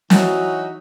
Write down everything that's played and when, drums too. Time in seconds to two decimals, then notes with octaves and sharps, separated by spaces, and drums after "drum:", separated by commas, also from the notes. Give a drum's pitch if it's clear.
0.10 E3 F#3 D#4 F#4, drum: snare